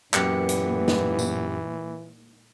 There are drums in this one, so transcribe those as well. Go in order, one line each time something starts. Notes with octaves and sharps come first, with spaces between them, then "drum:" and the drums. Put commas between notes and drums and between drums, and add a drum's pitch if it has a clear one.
F#2 A#2 E3 B3 G4 C#7, drum: clap
drum: hi-hat
drum: snare
drum: tambourine